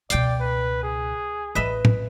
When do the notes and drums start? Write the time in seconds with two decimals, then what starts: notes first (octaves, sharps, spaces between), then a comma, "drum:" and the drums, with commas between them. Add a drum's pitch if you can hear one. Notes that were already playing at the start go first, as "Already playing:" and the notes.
0.10 C#2 B2 D5 F5 G5, drum: hi-hat
0.40 B4
0.83 G#4
1.55 A1 A2 B4 D#5 E5
1.85 drum: tom A2